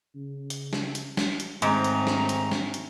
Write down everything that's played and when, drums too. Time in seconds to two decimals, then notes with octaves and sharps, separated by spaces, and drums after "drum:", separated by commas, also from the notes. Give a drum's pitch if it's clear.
0.15 C#3
0.50 drum: hi-hat
0.73 drum: snare
0.95 drum: hi-hat
1.17 drum: snare
1.40 drum: hi-hat
1.62 G#2 D#3 A3 C4 C#4 A#5, drum: hi-hat
1.84 drum: hi-hat
2.07 drum: snare
2.29 drum: hi-hat
2.51 drum: snare
2.74 drum: hi-hat